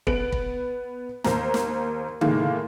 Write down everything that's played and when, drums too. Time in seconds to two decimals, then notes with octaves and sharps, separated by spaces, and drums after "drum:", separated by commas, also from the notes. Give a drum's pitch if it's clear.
0.07 B3 D7 F#7, drum: kick
0.32 drum: kick
1.24 D#2 C5 A#5, drum: snare
1.54 drum: snare
2.21 A2 D#3 G#3 A#3, drum: tom C#3